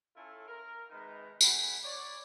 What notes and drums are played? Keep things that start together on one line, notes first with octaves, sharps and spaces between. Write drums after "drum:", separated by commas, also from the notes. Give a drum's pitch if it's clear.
C#4 E4 F4 A4
A#4
C3 D#3 G#3 D#4 B4
F#2 A3 F#5 G#5 B5, drum: tambourine
C#5 D5